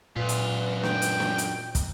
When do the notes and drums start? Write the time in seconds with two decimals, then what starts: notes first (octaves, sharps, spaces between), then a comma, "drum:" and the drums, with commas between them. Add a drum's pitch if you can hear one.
0.16 F#2 A#2 F4 B4
0.29 drum: hi-hat
0.83 G5, drum: snare
1.02 drum: hi-hat
1.20 drum: snare
1.38 drum: hi-hat
1.75 drum: kick, hi-hat